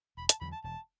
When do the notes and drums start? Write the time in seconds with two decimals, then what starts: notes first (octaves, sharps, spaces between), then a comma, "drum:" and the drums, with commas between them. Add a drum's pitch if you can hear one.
0.17 E1 B5
0.29 A5, drum: hi-hat
0.41 E2 D3 F#3 B5
0.53 A5
0.64 E1 A5